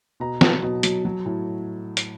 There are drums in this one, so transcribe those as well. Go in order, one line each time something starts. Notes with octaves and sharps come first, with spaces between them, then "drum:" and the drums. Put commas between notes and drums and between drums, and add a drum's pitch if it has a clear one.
B2 A#5
F#3 A5, drum: snare
B2
F#3, drum: hi-hat
F#3
A2
drum: hi-hat